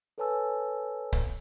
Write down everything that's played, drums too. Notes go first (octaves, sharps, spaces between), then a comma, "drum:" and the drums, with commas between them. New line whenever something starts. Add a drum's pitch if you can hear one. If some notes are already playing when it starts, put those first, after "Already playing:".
A4 B4 C#5 G#5 A5 E6
drum: kick C#1